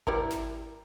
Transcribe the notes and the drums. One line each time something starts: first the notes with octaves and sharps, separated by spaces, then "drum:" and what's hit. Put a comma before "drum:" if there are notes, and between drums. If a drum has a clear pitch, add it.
G3 E4 A#4, drum: kick G#1
drum: snare